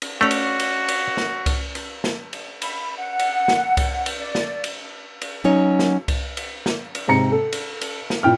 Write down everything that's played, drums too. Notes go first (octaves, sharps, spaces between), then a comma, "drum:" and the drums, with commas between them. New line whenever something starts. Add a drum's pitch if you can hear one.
drum: cymbal
A3 C#4 F#4 D5
drum: cymbal
drum: cymbal
drum: cymbal
drum: snare
drum: kick C2, cymbal
drum: cymbal
drum: snare
drum: cymbal
B5, drum: cymbal
F#5
drum: cymbal
drum: snare
drum: kick C2, cymbal
drum: cymbal
D5
drum: snare
drum: cymbal
drum: cymbal
F#3 C#4 D#4 C#5
drum: snare
drum: kick C2, cymbal
drum: cymbal
drum: snare
drum: cymbal
G#2 C3 A#5 C#7
A4
drum: cymbal
drum: cymbal
drum: snare
A#2 E4 G5 F6